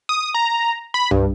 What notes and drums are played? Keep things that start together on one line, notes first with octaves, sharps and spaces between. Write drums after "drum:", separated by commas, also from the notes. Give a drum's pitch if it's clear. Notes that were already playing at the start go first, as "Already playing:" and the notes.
D#6
A#5
B5
G2, drum: tom C2